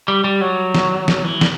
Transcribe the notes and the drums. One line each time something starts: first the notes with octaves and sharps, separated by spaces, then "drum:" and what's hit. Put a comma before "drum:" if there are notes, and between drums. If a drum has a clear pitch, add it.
G3
G3
F#3
drum: snare
drum: snare
E3
drum: snare